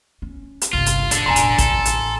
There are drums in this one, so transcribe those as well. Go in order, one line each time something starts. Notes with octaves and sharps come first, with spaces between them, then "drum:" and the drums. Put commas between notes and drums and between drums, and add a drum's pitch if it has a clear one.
C#4
drum: hi-hat
G1 C2 F4
drum: hi-hat
A#1 D4 A4, drum: hi-hat
E1 A1 G#5 A#5 C6
drum: hi-hat
A1 A4, drum: kick A1, hi-hat
drum: hi-hat